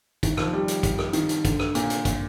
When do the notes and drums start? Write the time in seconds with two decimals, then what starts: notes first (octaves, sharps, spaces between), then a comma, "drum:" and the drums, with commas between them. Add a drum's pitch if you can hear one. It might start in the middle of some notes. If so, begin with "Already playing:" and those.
0.23 D#3, drum: kick, hi-hat
0.37 F3, drum: rim click
0.53 G3
0.68 drum: hi-hat
0.83 drum: kick, hi-hat
0.99 drum: rim click
1.13 D#3, drum: hi-hat
1.29 drum: hi-hat
1.45 D3, drum: kick, hi-hat
1.59 drum: rim click
1.75 A#2, drum: hi-hat
1.90 drum: hi-hat
2.05 drum: kick, hi-hat